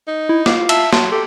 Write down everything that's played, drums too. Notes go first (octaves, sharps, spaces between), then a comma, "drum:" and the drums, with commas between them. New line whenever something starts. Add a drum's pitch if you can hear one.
D#4
E4
F4 D6, drum: snare
E5 A5, drum: cymbal
F#3 A5 C6, drum: snare
G4 A4